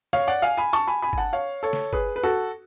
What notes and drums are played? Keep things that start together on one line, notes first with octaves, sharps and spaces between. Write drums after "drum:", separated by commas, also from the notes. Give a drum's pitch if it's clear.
C#5 F5, drum: snare
D5 F#5
F5 G#5
G#5 B5
A5 C#6
G#5 B5
G#5 B5
G#5, drum: kick G1
F#5 A5
C#5 F5
A4 C#5
drum: snare
G#4 B4, drum: kick G1
B4
F#4 A4